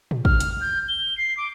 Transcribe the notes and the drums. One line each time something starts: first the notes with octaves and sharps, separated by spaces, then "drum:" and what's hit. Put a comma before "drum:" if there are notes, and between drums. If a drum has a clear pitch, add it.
drum: tom A2
F6, drum: kick
drum: hi-hat
G6
G7
C7
D6